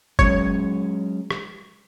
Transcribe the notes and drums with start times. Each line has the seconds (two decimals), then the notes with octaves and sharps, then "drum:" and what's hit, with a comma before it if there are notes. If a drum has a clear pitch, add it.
0.19 F#3 G#3 C#4 C#5, drum: kick
1.31 drum: rim click